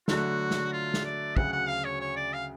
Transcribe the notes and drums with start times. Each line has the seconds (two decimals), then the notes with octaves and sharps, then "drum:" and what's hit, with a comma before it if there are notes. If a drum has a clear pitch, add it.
0.08 D3 F#3 A3 F#4, drum: snare
0.51 drum: snare
0.73 F4
0.94 drum: snare
1.05 D5
1.37 D2 C#3 F#3 F#5, drum: kick
1.52 F#5
1.69 F5
1.85 C#5
2.01 C#5
2.16 D5
2.33 F5